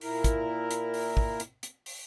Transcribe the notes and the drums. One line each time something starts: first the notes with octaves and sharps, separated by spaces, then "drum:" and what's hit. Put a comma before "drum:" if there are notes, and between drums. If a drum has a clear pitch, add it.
A#2 E4 A#4, drum: open hi-hat
drum: kick, hi-hat
drum: hi-hat
drum: open hi-hat
drum: kick
drum: hi-hat
drum: hi-hat
drum: open hi-hat